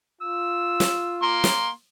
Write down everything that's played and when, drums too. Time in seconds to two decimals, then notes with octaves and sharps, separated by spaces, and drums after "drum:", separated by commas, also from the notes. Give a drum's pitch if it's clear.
0.21 F4 E6
0.80 drum: snare
1.22 A#3 C6
1.44 drum: snare